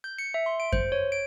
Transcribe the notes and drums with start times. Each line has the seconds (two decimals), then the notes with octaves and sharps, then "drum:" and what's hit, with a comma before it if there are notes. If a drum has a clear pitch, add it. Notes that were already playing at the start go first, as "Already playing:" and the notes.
0.04 G6
0.18 C#7
0.34 E5
0.46 C6
0.60 D7
0.73 C5, drum: kick F#2
0.92 C#5
1.12 D7